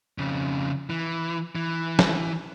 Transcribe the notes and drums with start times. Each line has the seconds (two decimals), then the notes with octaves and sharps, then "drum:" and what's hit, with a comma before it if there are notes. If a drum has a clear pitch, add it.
0.18 F2 C#3
0.90 E3
1.55 E3
1.99 drum: snare